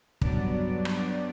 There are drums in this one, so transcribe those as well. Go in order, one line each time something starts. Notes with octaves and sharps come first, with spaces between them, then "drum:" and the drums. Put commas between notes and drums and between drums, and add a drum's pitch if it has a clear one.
G2 F#3 B3 D4 D5, drum: kick
drum: rim click